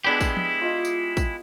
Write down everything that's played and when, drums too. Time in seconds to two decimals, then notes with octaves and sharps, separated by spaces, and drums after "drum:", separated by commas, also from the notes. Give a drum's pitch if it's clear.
0.05 G#3 B3 D4 E4 G4 G#4
0.21 drum: kick, tambourine
0.37 drum: tom
0.61 F4 D#5
0.85 drum: tambourine
1.17 drum: kick, tambourine